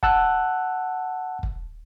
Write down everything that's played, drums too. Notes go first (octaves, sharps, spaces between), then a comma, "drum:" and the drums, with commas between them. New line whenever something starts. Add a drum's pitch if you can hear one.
F#5 A5 E6 F#6, drum: kick
drum: kick